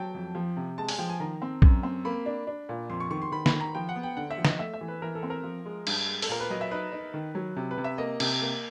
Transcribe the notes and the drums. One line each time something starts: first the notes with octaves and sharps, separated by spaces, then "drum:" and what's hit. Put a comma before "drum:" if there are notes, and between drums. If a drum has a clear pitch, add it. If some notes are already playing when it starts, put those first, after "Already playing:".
Already playing: F#3 G5 A5
F2
F3
C3
G#3 A5
G#5, drum: open hi-hat
F3 G5
G#5
D#3 A#5
C4
F#2, drum: kick A#1
C4
A#3 B5
D4
D4
A#2
F2 C6
C#6
D#3 C#6
C6
D#3 B5
B5, drum: snare
D#3
A#5
F3 G5
F#5
B3
G5
D3 F#5
E5
F3
D#5, drum: snare
A3 E5
E5
E3
B4
E3 A#4
A4
C4
A#4
F3
G#3
G2, drum: cymbal
G#3
A4, drum: open hi-hat
A#2 A#4
B4
F#3 D#5
E5
D#4 B4
D#4
D#3
F#3
C3
B4
C3
E5
A#3 D#5
C3, drum: cymbal
A#3